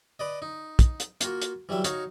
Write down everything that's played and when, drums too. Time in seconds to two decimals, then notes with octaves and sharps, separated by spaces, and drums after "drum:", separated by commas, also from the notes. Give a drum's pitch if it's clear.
0.19 B4 D5 D#5
0.42 D#4
0.79 drum: kick, hi-hat
1.00 drum: hi-hat
1.21 A#3 F4 F#4, drum: hi-hat
1.42 drum: hi-hat
1.69 E3 F#3 G3 E5
1.84 D#4 F#4 C#5 F5, drum: hi-hat